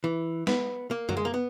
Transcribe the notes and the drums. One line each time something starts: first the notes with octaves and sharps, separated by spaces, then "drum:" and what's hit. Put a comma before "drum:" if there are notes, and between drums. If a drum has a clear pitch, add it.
E3
B3, drum: snare
A#3
F#3, drum: tom F#2
G#3
A#3
B3